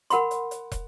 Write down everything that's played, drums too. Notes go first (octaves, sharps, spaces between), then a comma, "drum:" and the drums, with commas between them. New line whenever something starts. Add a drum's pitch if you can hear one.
A#4 F#5 B5 C6, drum: hi-hat
drum: hi-hat
drum: hi-hat
drum: kick, hi-hat